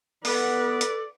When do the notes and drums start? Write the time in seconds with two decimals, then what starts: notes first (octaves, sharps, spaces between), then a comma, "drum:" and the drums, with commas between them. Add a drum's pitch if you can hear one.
0.25 B3 A4 B4 D5, drum: open hi-hat
0.81 drum: hi-hat